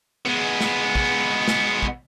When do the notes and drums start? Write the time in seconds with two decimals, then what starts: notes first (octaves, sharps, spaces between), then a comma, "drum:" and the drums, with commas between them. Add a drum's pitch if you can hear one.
0.26 G#3 B3
0.61 drum: snare
0.95 drum: kick
1.48 drum: snare
1.82 drum: kick